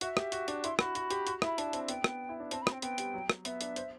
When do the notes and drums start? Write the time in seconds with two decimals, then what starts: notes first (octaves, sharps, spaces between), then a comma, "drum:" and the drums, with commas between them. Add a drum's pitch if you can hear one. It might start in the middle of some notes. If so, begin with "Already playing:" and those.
0.01 F#4 E5, drum: hi-hat
0.17 G4, drum: rim click
0.32 F#4, drum: hi-hat
0.48 D4, drum: hi-hat
0.64 E4 C6, drum: hi-hat
0.79 F#4 B5, drum: rim click
0.95 F#4, drum: hi-hat
1.10 G4, drum: hi-hat
1.27 F#4, drum: hi-hat
1.42 E4, drum: rim click
1.46 B5
1.58 D4 A5, drum: hi-hat
1.73 C4, drum: hi-hat
1.88 B3 G5, drum: hi-hat
2.04 B3, drum: rim click
2.29 E4
2.40 D4
2.51 C4 A5, drum: hi-hat
2.62 B5
2.67 C4, drum: rim click
2.72 G5
2.82 B3 G5, drum: hi-hat
2.98 G3, drum: hi-hat
3.14 F#3
3.30 drum: rim click
3.45 B3 E5, drum: hi-hat
3.61 D4, drum: hi-hat
3.76 C5, drum: hi-hat